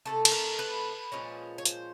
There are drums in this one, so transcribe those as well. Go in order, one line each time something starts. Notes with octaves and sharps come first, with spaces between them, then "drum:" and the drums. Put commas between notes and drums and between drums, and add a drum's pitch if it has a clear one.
C3 E3 A3 A4
A4, drum: cymbal
A#4
B4
A#2 F3 G#3 C#4
C#5
C5, drum: hi-hat